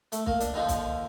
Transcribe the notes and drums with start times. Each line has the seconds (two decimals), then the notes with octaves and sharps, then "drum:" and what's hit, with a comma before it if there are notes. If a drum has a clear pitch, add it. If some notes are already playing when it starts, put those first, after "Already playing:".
0.12 A3, drum: hi-hat
0.26 A#3, drum: kick B1
0.40 D4, drum: hi-hat
0.54 D#2 D3 F3 D#4
0.69 drum: kick B1, hi-hat